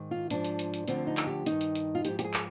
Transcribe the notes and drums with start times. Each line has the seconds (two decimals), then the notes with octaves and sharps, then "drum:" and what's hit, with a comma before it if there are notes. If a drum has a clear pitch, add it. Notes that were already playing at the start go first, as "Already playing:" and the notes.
Already playing: G#2 D#3
0.11 F4
0.30 G#2 F3 D4, drum: hi-hat
0.45 drum: hi-hat
0.59 drum: hi-hat
0.74 drum: hi-hat
0.88 D2 D3 F3 C4, drum: hi-hat
1.07 D#4
1.17 drum: clap
1.27 G4
1.46 G2 D#3 D#4, drum: hi-hat
1.61 drum: hi-hat
1.75 drum: hi-hat
1.95 F4
2.05 G#2 F3 G4, drum: hi-hat
2.19 G4, drum: hi-hat
2.25 G#4
2.34 drum: clap